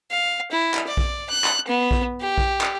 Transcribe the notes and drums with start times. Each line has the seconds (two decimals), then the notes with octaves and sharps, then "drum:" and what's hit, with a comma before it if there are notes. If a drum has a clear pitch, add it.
0.11 F5
0.51 E4
0.74 drum: clap
0.87 D5
0.97 drum: kick A#1
1.30 F#6
1.44 drum: clap
1.67 B3
1.91 drum: kick A#1
2.21 G4
2.38 drum: kick A#1
2.61 drum: clap